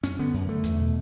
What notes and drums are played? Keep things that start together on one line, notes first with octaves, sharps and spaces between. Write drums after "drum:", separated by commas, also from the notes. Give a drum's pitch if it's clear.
F#2 C#4, drum: hi-hat
D3 B3
F#2
D3 A3
E2, drum: hi-hat
B2